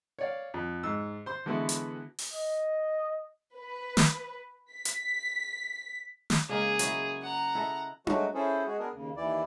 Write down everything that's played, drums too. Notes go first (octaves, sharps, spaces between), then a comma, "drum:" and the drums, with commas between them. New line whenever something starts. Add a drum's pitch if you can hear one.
C#5 D5 F5
F2
G#2 E6
C5 C6
D3 E3 G#3 B3 E4 F#4
drum: hi-hat
drum: open hi-hat
D#5
B4
drum: snare
B6
drum: hi-hat
drum: snare
C#3 G#3 A#3 G#4
F#3 E4, drum: hi-hat
F#5 A#5
E4 A4 D#5
F#3 G#3 A3 F#4, drum: tom D4
C#4 E4 G#4 A4 C5
G#3 F#4 G#4
B3 D4 G#4 A#4
D#2 C#3
D#2 E3 E4 D5